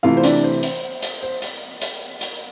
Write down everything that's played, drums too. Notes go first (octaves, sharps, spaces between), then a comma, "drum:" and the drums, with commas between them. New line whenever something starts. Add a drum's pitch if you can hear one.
C3 E3 A3 E4 F4 F5
C5
D4 D5, drum: hi-hat
C5
drum: hi-hat
drum: hi-hat
C5
drum: hi-hat
drum: hi-hat
drum: hi-hat